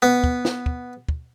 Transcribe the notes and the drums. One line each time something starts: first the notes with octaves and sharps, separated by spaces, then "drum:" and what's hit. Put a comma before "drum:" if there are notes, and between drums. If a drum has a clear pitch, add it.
B3
drum: kick
drum: snare
drum: kick
drum: kick